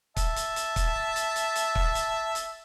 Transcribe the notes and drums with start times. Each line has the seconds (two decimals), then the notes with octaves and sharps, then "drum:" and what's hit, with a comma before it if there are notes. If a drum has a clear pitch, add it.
0.16 E5 A5, drum: kick C#1, hi-hat
0.36 drum: hi-hat
0.56 drum: hi-hat
0.76 drum: kick C#1, hi-hat
1.16 drum: hi-hat
1.36 drum: hi-hat
1.56 drum: hi-hat
1.75 drum: kick C#1
1.95 drum: hi-hat
2.35 drum: hi-hat